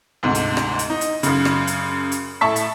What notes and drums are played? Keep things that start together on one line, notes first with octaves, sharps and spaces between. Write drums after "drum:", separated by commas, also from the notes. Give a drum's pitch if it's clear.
D2 G#2 C3
drum: hi-hat
drum: rim click
drum: hi-hat
D#4
drum: hi-hat
F#2 C#3, drum: hi-hat
drum: rim click
drum: hi-hat
drum: hi-hat
A2 E4 E5 A5 C#6 B6
drum: hi-hat